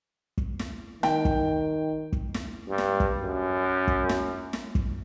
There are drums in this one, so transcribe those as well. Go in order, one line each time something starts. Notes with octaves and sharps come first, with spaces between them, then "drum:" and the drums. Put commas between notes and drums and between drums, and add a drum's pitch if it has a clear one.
drum: kick
drum: snare
D#3 G5, drum: snare
drum: kick
drum: kick
drum: snare
G2
drum: snare
drum: kick
F#2
drum: kick
drum: snare
drum: snare
drum: kick